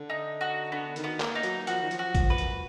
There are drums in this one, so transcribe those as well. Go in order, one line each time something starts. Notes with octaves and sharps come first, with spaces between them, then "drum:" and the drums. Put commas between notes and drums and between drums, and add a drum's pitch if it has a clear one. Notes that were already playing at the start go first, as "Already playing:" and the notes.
Already playing: D3
D#4
F#4
D3 B3
D#3, drum: hi-hat
B3
A#3, drum: clap
D#4
F#3, drum: hi-hat
F3 F#4, drum: hi-hat
D#3
F3, drum: hi-hat
F#4
F3, drum: kick A1, hi-hat
B4
F#2, drum: hi-hat